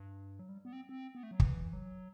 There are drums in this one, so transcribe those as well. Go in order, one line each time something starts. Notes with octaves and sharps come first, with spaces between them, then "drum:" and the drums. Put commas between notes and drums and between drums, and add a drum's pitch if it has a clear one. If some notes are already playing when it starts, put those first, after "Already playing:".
Already playing: G2
F#3
G3
B3
C4
C4
B3
A3
F#3
E3, drum: kick
F#3